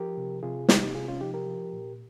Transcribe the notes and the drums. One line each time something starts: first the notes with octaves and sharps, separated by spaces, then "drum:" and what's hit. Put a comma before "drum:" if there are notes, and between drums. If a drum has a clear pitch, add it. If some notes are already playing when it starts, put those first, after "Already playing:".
Already playing: F3 G4 A#4
C3
C3 F4 G#4
C3 D#4 G4, drum: snare
C3 F4 G#4
C#4 F4
F3 D#4 G4
G4 A#4
F3
A#2